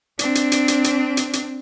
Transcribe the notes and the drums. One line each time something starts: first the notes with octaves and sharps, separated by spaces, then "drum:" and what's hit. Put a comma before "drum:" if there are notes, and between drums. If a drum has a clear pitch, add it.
C4 D4, drum: hi-hat
drum: hi-hat
drum: hi-hat
drum: hi-hat
drum: hi-hat
drum: hi-hat
drum: hi-hat